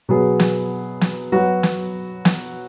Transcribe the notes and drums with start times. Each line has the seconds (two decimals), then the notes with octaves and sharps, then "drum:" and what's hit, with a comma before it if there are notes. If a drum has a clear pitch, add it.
0.09 B2 F#3 B3 G#4
0.39 drum: snare
1.01 drum: snare
1.32 F#3 B3 F#4
1.63 drum: snare
2.25 drum: snare